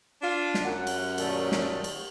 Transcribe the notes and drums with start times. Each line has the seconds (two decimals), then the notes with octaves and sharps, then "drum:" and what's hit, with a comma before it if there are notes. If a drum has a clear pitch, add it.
0.22 D4 F4
0.54 drum: snare
0.65 F#2 F#5
0.87 drum: cymbal
1.18 A#2 D#3 A3, drum: cymbal
1.52 drum: snare
1.84 drum: cymbal